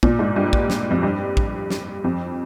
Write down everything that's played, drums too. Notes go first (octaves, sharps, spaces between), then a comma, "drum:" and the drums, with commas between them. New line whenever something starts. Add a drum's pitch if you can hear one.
A#2, drum: kick
G#2
G2
drum: kick
drum: snare
F2
G2
drum: kick
drum: snare
F2